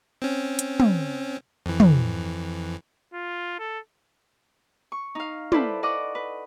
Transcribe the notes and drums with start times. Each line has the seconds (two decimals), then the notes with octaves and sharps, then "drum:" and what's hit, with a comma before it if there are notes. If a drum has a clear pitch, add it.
0.22 C4 C#4
0.59 drum: hi-hat
0.80 drum: tom
1.66 F2 E3
1.80 drum: tom
3.14 F4
3.59 A4
4.92 C#6
5.15 D#4 F5
5.52 E4 A4 B4 C5 D5, drum: tom
5.83 D5 D#5 F#5 C#6 D6
6.15 B4